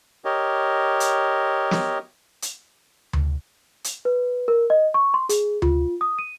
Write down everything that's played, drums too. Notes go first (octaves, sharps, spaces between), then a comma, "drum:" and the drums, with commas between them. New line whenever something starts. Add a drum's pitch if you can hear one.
G4 A#4 C#5 D#5
drum: hi-hat
drum: snare
drum: hi-hat
drum: tom D2
drum: hi-hat
B4
A#4
D#5
C#6
C6
G#4, drum: hi-hat
F4, drum: tom D2
D#6
D#7